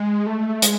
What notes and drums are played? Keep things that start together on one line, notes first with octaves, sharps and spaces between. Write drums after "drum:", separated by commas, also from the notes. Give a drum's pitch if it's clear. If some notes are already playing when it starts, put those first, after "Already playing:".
Already playing: G#3
A3
G#3, drum: hi-hat